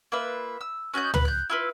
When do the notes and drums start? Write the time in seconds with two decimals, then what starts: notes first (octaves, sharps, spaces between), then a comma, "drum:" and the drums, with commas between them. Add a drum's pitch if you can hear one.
0.12 A#3 F4 B4 E5
0.61 E6
0.94 C#4 F#4 D#5 G6
1.14 B4, drum: tom
1.25 F#6 G6
1.50 E4 F4 B4